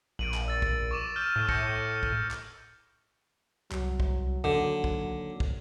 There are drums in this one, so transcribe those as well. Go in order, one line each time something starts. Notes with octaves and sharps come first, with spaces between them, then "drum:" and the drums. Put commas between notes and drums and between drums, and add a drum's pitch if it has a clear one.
A#1 D7 D#7 F#7
drum: clap
E6 A6
drum: kick
C#6 D6 E7
F6 G6 E7
A2
G6 A#6 C#7, drum: kick
drum: kick
drum: clap
C2 F#3, drum: clap
drum: kick
D#2 D3
drum: kick
drum: kick